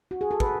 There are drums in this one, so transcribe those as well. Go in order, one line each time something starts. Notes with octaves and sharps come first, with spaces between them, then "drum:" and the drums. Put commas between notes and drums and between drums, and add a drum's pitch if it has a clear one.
F#4
G#4
A4
B4, drum: kick